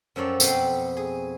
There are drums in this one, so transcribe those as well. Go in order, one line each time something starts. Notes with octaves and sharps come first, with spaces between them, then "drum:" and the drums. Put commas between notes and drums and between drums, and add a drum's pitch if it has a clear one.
F#2 F3 A4 C#5 D5 G5
F2 B2 B3 G5 C6, drum: tambourine
G#4